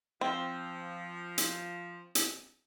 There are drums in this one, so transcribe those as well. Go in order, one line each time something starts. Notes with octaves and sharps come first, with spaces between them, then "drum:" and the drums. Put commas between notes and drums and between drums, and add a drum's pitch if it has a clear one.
F3 C4
drum: hi-hat
drum: hi-hat